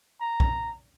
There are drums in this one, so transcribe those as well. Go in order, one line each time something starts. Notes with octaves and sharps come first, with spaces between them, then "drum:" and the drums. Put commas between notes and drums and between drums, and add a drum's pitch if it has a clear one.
A#5
drum: kick